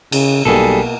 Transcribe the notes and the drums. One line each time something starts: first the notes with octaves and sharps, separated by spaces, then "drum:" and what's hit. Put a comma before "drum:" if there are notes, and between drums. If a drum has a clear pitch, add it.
C#3, drum: cymbal
B1 B2 G3 A#3 G#4 A4